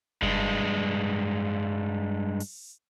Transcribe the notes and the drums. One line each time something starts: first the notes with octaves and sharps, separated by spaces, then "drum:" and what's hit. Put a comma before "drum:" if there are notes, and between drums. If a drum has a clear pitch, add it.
G2 G#3, drum: kick F#1
drum: open hi-hat